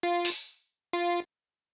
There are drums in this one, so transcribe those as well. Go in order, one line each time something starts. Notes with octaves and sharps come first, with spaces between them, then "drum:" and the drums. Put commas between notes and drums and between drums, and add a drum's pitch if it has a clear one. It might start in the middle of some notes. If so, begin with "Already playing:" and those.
F4
drum: open hi-hat
F4